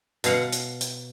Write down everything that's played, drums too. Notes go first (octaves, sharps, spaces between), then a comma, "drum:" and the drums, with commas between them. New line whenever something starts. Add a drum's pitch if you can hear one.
B2 F5 F#5, drum: hi-hat
drum: hi-hat
drum: hi-hat